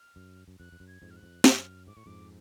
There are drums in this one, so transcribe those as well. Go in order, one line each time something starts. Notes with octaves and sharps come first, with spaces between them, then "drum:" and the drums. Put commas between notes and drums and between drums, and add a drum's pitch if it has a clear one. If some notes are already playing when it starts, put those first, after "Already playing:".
Already playing: F6
F#2
F#2
F2 F#6
F2
F#2
G#6
F2 G#2
F6
F#6
F2
F#2 F6, drum: snare
G#2 D6
A2 C#6
F2 G#2 D6